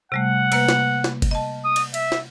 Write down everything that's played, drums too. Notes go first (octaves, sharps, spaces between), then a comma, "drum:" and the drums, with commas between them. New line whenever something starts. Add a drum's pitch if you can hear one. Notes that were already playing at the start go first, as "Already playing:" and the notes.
C3 G3 A3 F#5
C3 A#3 B4, drum: cymbal
drum: snare
drum: snare
drum: kick F#1, cymbal
D#5 A5
D#6
drum: cymbal
E5, drum: cymbal
drum: snare